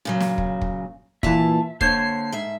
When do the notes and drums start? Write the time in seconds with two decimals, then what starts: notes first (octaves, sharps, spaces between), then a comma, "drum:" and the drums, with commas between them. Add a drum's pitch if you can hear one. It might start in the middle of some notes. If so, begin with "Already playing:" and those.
0.05 A#2 C#3 F#3
0.20 drum: snare
0.38 drum: kick
0.62 drum: kick
1.23 A#2 E3 F4 E5 A5, drum: kick
1.81 D3 A#3 C5 C#5 C7, drum: kick
2.32 G#2 E5